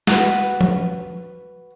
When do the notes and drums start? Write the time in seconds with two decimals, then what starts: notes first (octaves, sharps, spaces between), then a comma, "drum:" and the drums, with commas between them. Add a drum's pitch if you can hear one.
0.07 F#4 B4, drum: snare
0.61 drum: tom F3